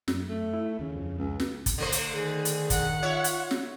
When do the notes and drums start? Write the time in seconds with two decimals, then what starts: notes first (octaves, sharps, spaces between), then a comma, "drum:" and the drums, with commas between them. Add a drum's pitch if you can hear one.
0.08 F#2, drum: snare
0.29 A3
0.53 E4
0.79 D#2 C#3
0.96 F2
1.18 C#2
1.40 drum: snare
1.66 drum: kick, hi-hat
1.78 D3 A3 C5
1.92 drum: hi-hat
2.13 D#3 G#4
2.45 drum: hi-hat
2.70 F#5, drum: kick, hi-hat
3.02 F4 C#5 E5
3.24 drum: hi-hat
3.51 drum: snare